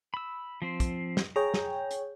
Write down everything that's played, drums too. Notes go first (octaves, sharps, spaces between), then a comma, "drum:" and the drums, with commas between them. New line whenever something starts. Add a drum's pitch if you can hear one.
B5 E6
F3 C4 C5
drum: kick, hi-hat
drum: snare
G#4 C#5 G5 A#5
drum: snare
drum: hi-hat